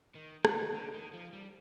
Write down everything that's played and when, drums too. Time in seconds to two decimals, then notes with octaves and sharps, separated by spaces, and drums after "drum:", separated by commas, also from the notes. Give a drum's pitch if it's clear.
0.15 D#3
0.45 D#3, drum: rim click
0.74 D3
0.94 D#3
1.14 F3
1.33 G3